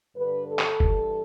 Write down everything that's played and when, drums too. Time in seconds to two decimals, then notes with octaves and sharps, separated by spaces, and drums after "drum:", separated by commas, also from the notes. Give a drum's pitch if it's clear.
0.16 G2 D3 B4
0.48 A4
0.59 drum: clap
0.80 G2 E3, drum: kick F#1